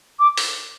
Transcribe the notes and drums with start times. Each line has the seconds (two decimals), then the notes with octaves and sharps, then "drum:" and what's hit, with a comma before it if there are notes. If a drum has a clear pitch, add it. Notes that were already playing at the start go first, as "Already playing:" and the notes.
0.19 D6
0.37 drum: open hi-hat